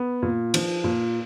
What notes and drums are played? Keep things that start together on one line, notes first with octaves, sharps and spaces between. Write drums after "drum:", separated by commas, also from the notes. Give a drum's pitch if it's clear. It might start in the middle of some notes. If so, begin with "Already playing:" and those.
Already playing: B3
A#2
F3, drum: cymbal
A#2